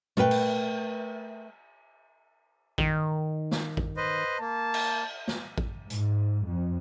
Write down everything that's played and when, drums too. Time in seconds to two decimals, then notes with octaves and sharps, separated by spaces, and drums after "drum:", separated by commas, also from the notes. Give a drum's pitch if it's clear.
0.17 A3 A#4 B4 G5, drum: tom A#2
0.31 drum: cymbal
2.78 D#3, drum: kick A1
3.51 drum: snare
3.77 drum: kick A1
3.97 B4 C5 D#5
4.40 A#3 A5
4.74 drum: cymbal
5.28 drum: snare
5.58 drum: kick A1
5.90 G#2, drum: hi-hat
6.46 F2